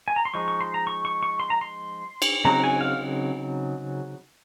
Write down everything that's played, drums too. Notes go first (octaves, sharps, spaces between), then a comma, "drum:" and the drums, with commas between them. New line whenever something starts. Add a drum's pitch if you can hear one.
G#5
A#5
C6
F3 G#3 D#4 C#6
C#6
C6
A#5
C#6
C#6
C#6
C6
A#5
C6
drum: cymbal
C#3 F#3 C4 D#4 A#5
G#5
F5